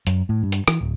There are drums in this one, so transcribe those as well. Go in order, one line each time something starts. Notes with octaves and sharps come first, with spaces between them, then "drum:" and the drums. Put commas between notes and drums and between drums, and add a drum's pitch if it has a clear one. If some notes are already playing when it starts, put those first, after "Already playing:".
F#2, drum: hi-hat
A2
G2
drum: hi-hat
E3, drum: rim click
D1